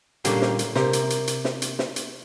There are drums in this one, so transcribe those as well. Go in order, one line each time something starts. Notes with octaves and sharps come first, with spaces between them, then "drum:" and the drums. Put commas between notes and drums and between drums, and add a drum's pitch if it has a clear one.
A#2 D3 G3 A#3 C#4 G4, drum: hi-hat
drum: snare
drum: hi-hat
C3 G4 A#4 C5, drum: snare
drum: hi-hat
drum: hi-hat
drum: hi-hat
drum: snare
drum: hi-hat
drum: snare
drum: hi-hat